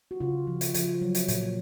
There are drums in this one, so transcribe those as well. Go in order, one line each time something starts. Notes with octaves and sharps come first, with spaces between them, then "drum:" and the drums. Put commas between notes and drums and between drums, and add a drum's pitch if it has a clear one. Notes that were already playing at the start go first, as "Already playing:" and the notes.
F#4
C#3 F4
F3
drum: hi-hat
F3, drum: hi-hat
F#3
drum: hi-hat
A#2, drum: hi-hat